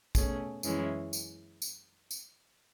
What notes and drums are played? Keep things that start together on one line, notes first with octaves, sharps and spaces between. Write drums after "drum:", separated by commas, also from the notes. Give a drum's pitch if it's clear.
B2 A3 C#4 G#4, drum: kick, tambourine
F#2 E3 G#3 C#4 E4, drum: tambourine
drum: tambourine
drum: tambourine
drum: tambourine